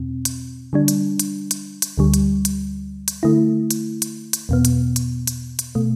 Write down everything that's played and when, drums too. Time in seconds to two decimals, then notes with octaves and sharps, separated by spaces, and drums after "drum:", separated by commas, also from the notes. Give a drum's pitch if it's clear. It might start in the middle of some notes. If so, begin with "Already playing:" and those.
Already playing: E2 B2 C4
0.25 drum: hi-hat
0.73 D3 G3 D4
0.88 drum: hi-hat
1.19 drum: hi-hat
1.51 drum: hi-hat
1.82 drum: hi-hat
1.98 D2 D3 G3
2.14 drum: hi-hat
2.45 drum: hi-hat
3.08 drum: hi-hat
3.23 D3 A3 E4
3.71 drum: hi-hat
4.02 drum: hi-hat
4.33 drum: hi-hat
4.49 E2 B2 B3
4.65 drum: hi-hat
4.96 drum: hi-hat
5.27 drum: hi-hat
5.59 drum: hi-hat
5.75 B2 A3